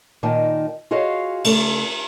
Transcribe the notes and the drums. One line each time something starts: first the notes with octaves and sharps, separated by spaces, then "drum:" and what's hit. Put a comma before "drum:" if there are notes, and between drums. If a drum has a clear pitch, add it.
A#2 D#3 D#4 D5 A5
F4 F#4 G#4 C#5 D#5 F5
C#3 A3 A4 D5, drum: cymbal